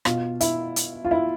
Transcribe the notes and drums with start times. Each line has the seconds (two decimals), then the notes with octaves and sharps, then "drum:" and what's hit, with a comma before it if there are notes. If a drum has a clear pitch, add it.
0.05 B2 F4, drum: rim click
0.41 E4, drum: hi-hat
0.76 drum: hi-hat
1.05 F4
1.11 E4